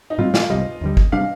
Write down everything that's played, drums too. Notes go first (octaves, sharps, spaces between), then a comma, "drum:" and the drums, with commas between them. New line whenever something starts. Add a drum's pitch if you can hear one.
D#4
A2 G3 C4 F4
F4, drum: snare
C2 C3 G3 D#5
D#2 D3 G3
drum: kick G#1
C3 G3 D4 F5